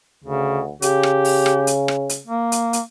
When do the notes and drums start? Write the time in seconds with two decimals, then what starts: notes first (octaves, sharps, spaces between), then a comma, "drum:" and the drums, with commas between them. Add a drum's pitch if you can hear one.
0.24 D2 C#3
0.82 C#3 G4, drum: hi-hat
1.03 drum: rim click
1.25 drum: open hi-hat
1.46 drum: rim click
1.67 drum: hi-hat
1.88 drum: rim click
2.09 drum: hi-hat
2.27 A#3
2.52 drum: hi-hat
2.73 drum: hi-hat